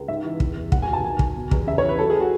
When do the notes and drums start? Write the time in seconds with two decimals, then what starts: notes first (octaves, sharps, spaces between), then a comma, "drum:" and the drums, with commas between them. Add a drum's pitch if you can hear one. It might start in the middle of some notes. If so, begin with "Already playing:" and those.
Already playing: C#2
0.08 G#2 E5
0.24 E3
0.40 E2, drum: kick
0.56 E2
0.72 D#2 F#5, drum: kick
0.82 G#5
0.87 F#3
0.93 A5
1.04 D#3 G#5
1.19 F#3, drum: kick
1.36 B2
1.51 E2, drum: kick
1.67 C#3 E5
1.78 C#5
1.83 E3
1.89 B4
1.99 F#3 A4
2.10 G#4
2.15 F#3 F#4